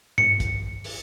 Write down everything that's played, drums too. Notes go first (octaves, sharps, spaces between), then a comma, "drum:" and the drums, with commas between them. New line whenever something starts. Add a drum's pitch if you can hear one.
C#7, drum: tom G2
drum: kick, hi-hat
drum: open hi-hat